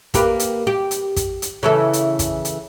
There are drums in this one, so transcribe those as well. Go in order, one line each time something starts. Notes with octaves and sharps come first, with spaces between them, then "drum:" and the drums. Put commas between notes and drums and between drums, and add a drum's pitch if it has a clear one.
A#3 G4 B4, drum: kick, hi-hat
drum: hi-hat
G4
drum: hi-hat
drum: kick, hi-hat
drum: hi-hat
C#3 E3 A4
drum: hi-hat
drum: kick, hi-hat
drum: hi-hat